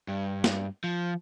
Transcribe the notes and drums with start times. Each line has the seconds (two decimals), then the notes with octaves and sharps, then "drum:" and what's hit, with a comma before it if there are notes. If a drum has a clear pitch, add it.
0.08 G2
0.44 drum: snare
0.84 F3